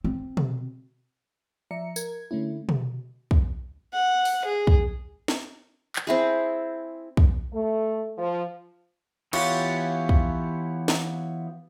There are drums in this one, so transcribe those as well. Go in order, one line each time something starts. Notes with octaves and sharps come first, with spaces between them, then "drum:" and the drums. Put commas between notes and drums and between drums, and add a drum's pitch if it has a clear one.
C4
drum: tom B2
F3 D5 E5 A#5 C#7
A#4 G#6, drum: tambourine
D3 A3 C#4 E4
drum: tom B2
drum: kick
F#5
drum: open hi-hat
G#4
drum: kick
drum: snare
drum: clap
C4 E4 G#4
drum: kick
A3
F3
E3 B3 F4 G4 C#5, drum: cymbal
drum: kick
drum: snare